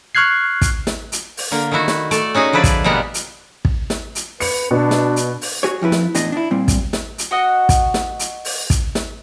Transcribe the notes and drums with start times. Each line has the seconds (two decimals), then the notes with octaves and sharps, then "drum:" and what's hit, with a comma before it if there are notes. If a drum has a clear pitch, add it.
0.15 C#6 F6 F#6 G#6 C7
0.61 drum: kick, hi-hat
0.87 drum: snare
1.12 drum: hi-hat
1.37 drum: open hi-hat
1.51 D3 A#3
1.71 D#3 A3 E4 F#4
1.88 drum: snare
2.11 A3 D5, drum: hi-hat
2.34 C#4 D#4 F#4 G#4
2.53 D3 F3 E4 B4 D5
2.64 drum: kick, hi-hat
2.84 B2 G3 G#3 A#3 F#5
3.14 drum: hi-hat
3.65 drum: kick
3.90 drum: snare
4.15 drum: hi-hat
4.40 B4 C#7, drum: open hi-hat
4.71 B2 D4
4.91 drum: snare
5.16 drum: hi-hat
5.42 drum: open hi-hat
5.63 F#4 G#4 C#5
5.81 F2 F3 E4 B4
5.92 drum: snare
6.15 E2 A2 D4 D#5, drum: hi-hat
6.32 D4 E4
6.51 A#2 G3 C4
6.68 drum: kick, hi-hat
6.93 drum: snare
7.18 drum: hi-hat
7.31 F#4 D#5 F#5
7.69 drum: kick, hi-hat
7.94 drum: snare
8.19 drum: hi-hat
8.45 drum: open hi-hat
8.70 drum: kick, hi-hat
8.95 drum: snare